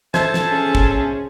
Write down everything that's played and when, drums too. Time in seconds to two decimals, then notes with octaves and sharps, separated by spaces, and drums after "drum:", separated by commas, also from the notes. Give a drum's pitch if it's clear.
0.14 A4 C5 E5 A5 G#6, drum: snare
0.34 drum: snare
0.49 C#4 G#4
0.75 drum: kick